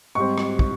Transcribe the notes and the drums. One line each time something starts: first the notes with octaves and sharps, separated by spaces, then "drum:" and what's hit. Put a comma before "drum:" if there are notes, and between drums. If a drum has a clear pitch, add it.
G#2 G3 C4 C#6
drum: rim click
drum: kick